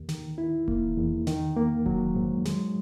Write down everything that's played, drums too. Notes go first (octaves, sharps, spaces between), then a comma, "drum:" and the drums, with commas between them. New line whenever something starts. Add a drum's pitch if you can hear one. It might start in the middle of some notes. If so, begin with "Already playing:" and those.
Already playing: D#2
D#3, drum: snare
E4
A#3, drum: kick D#1
E2
D#3, drum: snare
A#3
F#3, drum: kick D#1
G#2
G#3, drum: snare